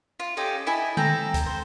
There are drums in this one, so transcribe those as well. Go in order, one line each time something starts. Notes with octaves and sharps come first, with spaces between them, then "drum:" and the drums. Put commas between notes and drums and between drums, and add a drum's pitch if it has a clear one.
F4
C#4 D#4 G4 A4
E4 D#5 G#5 A5
C4 A4 A#5, drum: tom D3
drum: kick C#2, hi-hat
C5